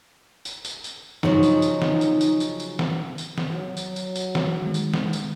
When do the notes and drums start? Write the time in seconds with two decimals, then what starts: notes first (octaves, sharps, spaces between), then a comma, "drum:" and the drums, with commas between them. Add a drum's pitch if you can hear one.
0.45 drum: tambourine
0.65 drum: tambourine
0.84 drum: tambourine
1.23 C#3 F3 F#3 D#4, drum: snare
1.43 drum: tambourine
1.62 drum: tambourine
1.82 drum: snare
2.01 drum: tambourine
2.21 drum: tambourine
2.40 drum: tambourine
2.60 drum: tambourine
2.79 drum: snare
3.18 drum: tambourine
3.38 drum: snare
3.51 F#3
3.77 drum: tambourine
3.96 drum: tambourine
4.16 drum: tambourine
4.35 drum: snare
4.62 D#3 G#3
4.74 drum: tambourine
4.94 drum: snare
5.13 drum: tambourine